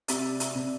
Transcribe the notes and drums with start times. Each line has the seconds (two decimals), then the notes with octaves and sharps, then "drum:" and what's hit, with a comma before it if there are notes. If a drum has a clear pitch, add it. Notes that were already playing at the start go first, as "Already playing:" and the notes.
0.08 C3 D5 E5, drum: hi-hat
0.40 drum: hi-hat
0.55 C3